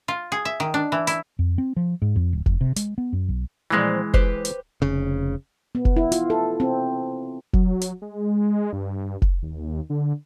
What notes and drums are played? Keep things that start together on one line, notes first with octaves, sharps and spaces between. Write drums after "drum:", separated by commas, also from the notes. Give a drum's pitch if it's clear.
F4
G#4
E5
D#3
D4
E3
E4, drum: hi-hat
F2
C4
F3
G#2
F2
D1
F1, drum: kick F1
C3
G#3, drum: hi-hat
B3
F#2
B1
A#2 E3 F3 G#3 C4
G4 B4 C5, drum: kick F1
drum: hi-hat
F1 C#3
B3
drum: kick F1
E4
F4, drum: hi-hat
A4
C4
F#3, drum: kick F1
drum: hi-hat
G#3
G2
drum: kick F1
D#2
D3